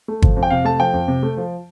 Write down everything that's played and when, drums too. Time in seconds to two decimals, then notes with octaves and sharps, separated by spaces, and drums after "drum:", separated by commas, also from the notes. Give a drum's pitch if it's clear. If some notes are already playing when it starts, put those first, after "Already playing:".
0.08 A3
0.22 F3, drum: kick
0.36 F2
0.43 G5
0.50 C3 F5
0.65 A3 A5
0.80 F3 G5
0.93 F2
1.08 C3
1.23 A3
1.37 F3